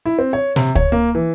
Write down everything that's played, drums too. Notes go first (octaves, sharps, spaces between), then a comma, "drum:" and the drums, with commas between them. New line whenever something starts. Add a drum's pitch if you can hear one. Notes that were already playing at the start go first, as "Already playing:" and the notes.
E4
C4
C#5
C3, drum: snare
C#5, drum: kick
A#3
E3